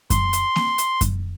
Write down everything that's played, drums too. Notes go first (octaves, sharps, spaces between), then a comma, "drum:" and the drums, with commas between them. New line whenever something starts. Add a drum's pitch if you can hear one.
C6, drum: kick F#2, hi-hat
drum: hi-hat
drum: snare A#3
drum: hi-hat
drum: kick F#2, hi-hat